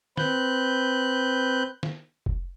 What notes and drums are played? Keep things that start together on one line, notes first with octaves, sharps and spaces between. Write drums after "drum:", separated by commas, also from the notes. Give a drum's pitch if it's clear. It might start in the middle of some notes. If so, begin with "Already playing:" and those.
C4 B4 F#6 G6, drum: snare
drum: snare
drum: kick F1